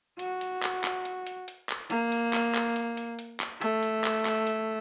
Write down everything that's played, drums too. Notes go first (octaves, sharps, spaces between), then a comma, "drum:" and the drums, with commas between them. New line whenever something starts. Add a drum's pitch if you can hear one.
F#4, drum: hi-hat
drum: hi-hat
drum: clap
drum: clap
drum: hi-hat
drum: hi-hat
drum: hi-hat
drum: clap
A#3, drum: hi-hat
drum: hi-hat
drum: clap
drum: clap
drum: hi-hat
drum: hi-hat
drum: hi-hat
drum: clap
A3, drum: hi-hat
drum: hi-hat
drum: clap
drum: clap
drum: hi-hat